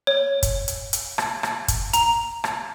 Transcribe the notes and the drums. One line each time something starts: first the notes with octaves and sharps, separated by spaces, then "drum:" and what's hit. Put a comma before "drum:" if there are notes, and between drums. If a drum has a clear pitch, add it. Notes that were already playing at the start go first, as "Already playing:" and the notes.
C#5
drum: kick, hi-hat
drum: hi-hat
drum: hi-hat
drum: rim click
drum: rim click
drum: kick, hi-hat
A#5, drum: hi-hat
drum: rim click